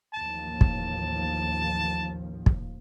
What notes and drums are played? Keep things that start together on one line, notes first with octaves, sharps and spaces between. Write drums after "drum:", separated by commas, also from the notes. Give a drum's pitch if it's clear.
A1 D#2 F3 A5
drum: kick
drum: kick